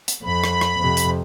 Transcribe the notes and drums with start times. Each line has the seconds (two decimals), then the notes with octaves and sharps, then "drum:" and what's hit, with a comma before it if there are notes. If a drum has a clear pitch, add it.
0.08 drum: hi-hat
0.23 F2 B5
0.44 drum: rim click
0.61 drum: rim click
0.79 F2 C3
0.97 drum: hi-hat